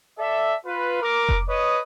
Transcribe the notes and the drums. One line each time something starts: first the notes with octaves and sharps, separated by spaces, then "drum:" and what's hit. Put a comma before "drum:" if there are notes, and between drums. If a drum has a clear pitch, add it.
A4 D5 E5
F4 B4
A#4 D6
drum: kick F1
B4 C#5 D#5 D#6